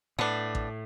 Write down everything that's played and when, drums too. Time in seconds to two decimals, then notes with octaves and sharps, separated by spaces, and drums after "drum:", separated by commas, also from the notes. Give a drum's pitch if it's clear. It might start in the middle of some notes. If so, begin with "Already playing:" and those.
0.19 A2 B3 D4
0.55 drum: kick A1